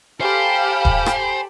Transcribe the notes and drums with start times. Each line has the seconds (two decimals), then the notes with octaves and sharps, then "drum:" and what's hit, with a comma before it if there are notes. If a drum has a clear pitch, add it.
0.21 G4 A4 C5 F5 G#5 B5 F6
0.85 drum: kick D#1
1.06 drum: rim click